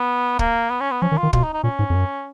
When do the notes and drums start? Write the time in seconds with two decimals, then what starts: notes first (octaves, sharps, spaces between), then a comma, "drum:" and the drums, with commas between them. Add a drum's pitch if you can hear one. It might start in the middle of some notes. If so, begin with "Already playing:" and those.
Already playing: B3
0.39 A#3, drum: kick
0.70 B3
0.81 C#4
0.91 B3
1.02 F3 C#4
1.12 D#3
1.17 F4
1.23 D#3
1.33 B2 F4, drum: kick
1.44 D#4
1.54 D#4
1.63 A#2 C#4
1.79 G#2
1.90 F2
1.95 F#2